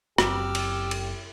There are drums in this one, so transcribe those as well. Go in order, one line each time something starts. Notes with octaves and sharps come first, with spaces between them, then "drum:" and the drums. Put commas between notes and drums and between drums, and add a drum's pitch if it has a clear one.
F#1 F#2 C4 G4 D6 E6 F6, drum: rim click
drum: cymbal
drum: cymbal